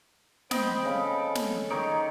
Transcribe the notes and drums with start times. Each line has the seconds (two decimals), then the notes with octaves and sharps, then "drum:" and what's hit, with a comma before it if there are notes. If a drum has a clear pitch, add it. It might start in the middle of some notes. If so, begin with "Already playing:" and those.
0.51 C4 D#5 G5 B5, drum: snare
0.85 C#3 A4
1.35 drum: snare
1.71 D#3 D#4 C#5 D5